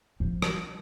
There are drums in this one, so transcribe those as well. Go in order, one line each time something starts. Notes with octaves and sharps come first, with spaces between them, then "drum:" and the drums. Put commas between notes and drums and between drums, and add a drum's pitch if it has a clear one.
F3
drum: rim click